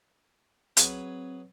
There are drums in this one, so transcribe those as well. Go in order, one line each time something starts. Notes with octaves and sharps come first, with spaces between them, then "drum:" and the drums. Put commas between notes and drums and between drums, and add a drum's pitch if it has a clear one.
F#3 C4 G#4 B4, drum: hi-hat